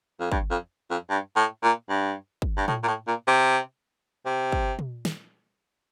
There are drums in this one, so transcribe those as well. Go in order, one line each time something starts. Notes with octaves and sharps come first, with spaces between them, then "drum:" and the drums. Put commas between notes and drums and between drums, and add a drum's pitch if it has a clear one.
F2
G2, drum: kick
F2
F2
G2
A2
A#2
G2
drum: kick
G2
A2, drum: tom
A#2
A2
A#2
C3
C3
drum: kick
drum: tom
drum: snare